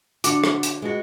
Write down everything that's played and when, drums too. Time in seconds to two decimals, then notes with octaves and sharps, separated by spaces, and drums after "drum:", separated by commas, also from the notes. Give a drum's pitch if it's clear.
0.24 D3 D4 F#4 D6, drum: hi-hat
0.44 drum: rim click
0.63 drum: hi-hat
0.82 G#3 B3 F#4